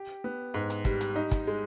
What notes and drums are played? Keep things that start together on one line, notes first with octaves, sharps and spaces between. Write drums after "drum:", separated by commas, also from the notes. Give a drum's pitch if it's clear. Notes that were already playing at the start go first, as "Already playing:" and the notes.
Already playing: G4
B3
G#2
drum: hi-hat
G3, drum: kick, hi-hat
drum: hi-hat
D#4
drum: kick, hi-hat
G#3